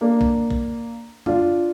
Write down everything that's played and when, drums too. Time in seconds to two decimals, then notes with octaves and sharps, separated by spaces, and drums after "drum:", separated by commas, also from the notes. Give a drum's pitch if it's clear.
0.01 A#3 D4
0.21 drum: kick
0.51 drum: kick
1.26 D4 F4, drum: tom F2